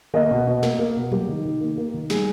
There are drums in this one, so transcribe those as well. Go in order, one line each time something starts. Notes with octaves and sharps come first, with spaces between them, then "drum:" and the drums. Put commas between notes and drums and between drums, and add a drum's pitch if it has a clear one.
A#3 D#5, drum: tom D3
B2
B2
A#3, drum: snare
A#3
B2
A#3 G4, drum: tom F3
D#3
D#3
A#3
A#3
D#3
G3 G#4, drum: snare